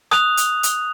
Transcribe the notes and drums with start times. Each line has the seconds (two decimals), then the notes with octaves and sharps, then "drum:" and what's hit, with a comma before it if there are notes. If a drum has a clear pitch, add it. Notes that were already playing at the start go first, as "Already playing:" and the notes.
0.11 D#6 F#6 F7, drum: rim click
0.37 drum: hi-hat
0.63 drum: hi-hat